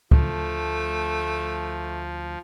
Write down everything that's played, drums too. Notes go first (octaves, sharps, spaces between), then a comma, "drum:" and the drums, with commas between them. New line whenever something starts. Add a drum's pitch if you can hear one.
D2 F3 A3, drum: kick